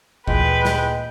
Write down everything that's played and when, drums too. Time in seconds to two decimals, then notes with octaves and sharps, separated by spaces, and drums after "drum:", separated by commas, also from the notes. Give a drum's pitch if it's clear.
0.28 D2 A#2 E3 G#3 B4 G5, drum: kick
0.65 drum: snare